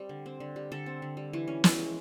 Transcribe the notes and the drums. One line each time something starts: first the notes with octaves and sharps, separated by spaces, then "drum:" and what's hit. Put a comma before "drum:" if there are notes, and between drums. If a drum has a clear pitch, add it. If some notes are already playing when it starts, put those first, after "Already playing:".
Already playing: G3 C4
D3
C4
D3
G3
D3 A4
C4
D3
G3
E3
C#4
E3, drum: snare
G#3